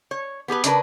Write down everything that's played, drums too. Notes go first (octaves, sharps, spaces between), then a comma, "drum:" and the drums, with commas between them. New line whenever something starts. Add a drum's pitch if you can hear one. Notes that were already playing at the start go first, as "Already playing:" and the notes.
C#5
B3 G4 G#4 B4
C#3 D4 D#4 A#4 B4, drum: hi-hat